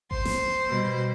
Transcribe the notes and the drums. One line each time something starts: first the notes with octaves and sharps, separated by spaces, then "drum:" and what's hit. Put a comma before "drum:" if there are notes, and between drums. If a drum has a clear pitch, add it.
C5 C6, drum: kick G#1
drum: snare
B2 G3